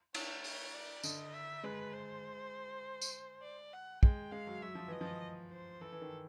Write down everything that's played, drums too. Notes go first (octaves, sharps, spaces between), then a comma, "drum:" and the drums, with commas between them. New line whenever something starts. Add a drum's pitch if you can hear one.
C#5, drum: cymbal
C#5, drum: open hi-hat
D5
D3 D#5, drum: tambourine
E5
G#3 B4
C5
drum: tambourine
D5
F#5
G#3 G5, drum: kick
G#3 F5
F#3
F#3 E5
F3
E3 D#5
F3
C5
E3 A4
E3
D#3